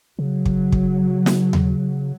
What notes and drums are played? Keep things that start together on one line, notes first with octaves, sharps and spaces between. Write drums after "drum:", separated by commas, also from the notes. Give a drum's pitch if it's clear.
C#3 F#3
drum: kick
drum: kick
drum: snare
drum: tom D#2